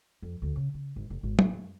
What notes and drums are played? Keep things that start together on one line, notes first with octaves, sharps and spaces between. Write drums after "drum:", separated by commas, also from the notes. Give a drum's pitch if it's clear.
F2
D2
C#3
C#3
G#1
F1
G#1
A1, drum: tom
F#2